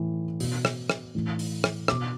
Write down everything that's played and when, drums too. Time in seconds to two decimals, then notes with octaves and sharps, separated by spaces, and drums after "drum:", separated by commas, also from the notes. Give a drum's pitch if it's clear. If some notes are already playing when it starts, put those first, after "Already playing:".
Already playing: A2 E3
0.40 B2, drum: open hi-hat
0.65 drum: rim click
0.90 drum: rim click
1.15 A2 E3
1.39 drum: open hi-hat
1.64 drum: rim click
1.88 B2 D6, drum: rim click